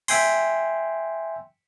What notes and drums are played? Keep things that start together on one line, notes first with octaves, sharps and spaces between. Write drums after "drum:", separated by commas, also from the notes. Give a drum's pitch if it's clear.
E5 G5 G#5 C6, drum: open hi-hat